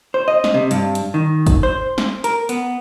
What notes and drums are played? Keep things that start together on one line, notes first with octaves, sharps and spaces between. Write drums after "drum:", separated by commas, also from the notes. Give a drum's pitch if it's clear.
C5
D#5
drum: snare
C3
G2, drum: hi-hat
drum: hi-hat
D#3
drum: kick G1, hi-hat
C5
drum: snare
A#4, drum: hi-hat
B3, drum: hi-hat